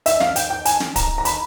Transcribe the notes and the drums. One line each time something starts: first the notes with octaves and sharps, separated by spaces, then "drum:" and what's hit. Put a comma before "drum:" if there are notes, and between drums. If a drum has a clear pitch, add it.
E5, drum: hi-hat
F5, drum: snare
G5, drum: hi-hat
G5
G#5, drum: hi-hat
drum: snare
A#5, drum: kick D1, hi-hat
A#5
B5, drum: hi-hat